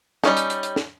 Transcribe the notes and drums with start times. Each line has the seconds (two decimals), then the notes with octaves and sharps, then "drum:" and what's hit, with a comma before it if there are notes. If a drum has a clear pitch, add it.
0.24 G3 C#4 D#4, drum: snare
0.37 drum: hi-hat
0.50 drum: hi-hat
0.63 drum: hi-hat
0.76 drum: snare